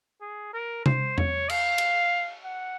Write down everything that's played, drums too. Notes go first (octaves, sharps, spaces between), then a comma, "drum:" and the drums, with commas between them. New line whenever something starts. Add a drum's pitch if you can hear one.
G#4
A#4
C5, drum: tom C3
C#5, drum: tom E2
F5, drum: cymbal
drum: cymbal
F#5